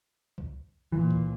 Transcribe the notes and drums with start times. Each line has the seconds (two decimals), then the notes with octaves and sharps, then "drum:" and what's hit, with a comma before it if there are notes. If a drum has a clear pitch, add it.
0.38 drum: kick C2
0.92 A#2 E3
1.11 drum: kick C2